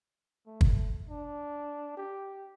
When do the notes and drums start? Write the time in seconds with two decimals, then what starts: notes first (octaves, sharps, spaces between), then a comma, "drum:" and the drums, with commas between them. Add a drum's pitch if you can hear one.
0.46 A3
0.61 drum: kick
1.09 D4
1.97 G4